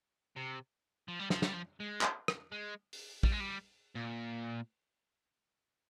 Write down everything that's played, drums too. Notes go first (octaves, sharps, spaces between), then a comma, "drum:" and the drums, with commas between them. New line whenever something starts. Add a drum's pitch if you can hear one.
C3
F3
G3
F3, drum: snare
G3, drum: snare
F3
G#3
drum: clap
drum: rim click
G#3
drum: open hi-hat
G3, drum: kick
G#3
G3
A#2